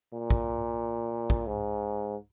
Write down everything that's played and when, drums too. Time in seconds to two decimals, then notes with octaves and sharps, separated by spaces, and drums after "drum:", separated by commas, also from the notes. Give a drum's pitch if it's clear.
0.13 A#2
0.30 drum: kick
1.30 drum: kick
1.47 G#2